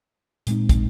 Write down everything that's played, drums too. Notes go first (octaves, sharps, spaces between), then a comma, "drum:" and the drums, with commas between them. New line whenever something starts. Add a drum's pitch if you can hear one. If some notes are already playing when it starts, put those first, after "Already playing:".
A#2 G#3 C4 D#4, drum: hi-hat
drum: kick, hi-hat